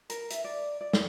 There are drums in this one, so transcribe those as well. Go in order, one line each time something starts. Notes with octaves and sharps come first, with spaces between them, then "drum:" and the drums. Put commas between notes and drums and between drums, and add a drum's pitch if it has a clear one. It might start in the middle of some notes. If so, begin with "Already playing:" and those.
A#4, drum: hi-hat
E5, drum: hi-hat
D5
D5
drum: snare